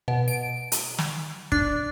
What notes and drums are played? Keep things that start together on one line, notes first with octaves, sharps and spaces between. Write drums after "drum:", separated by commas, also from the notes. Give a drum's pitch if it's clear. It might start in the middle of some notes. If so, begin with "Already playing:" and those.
B2
D7
drum: hi-hat
drum: snare
D4, drum: kick